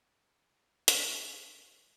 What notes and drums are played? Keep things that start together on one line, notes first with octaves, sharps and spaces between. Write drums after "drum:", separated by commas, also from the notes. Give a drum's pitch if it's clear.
G4 C#5 E5 F#5 D6
drum: hi-hat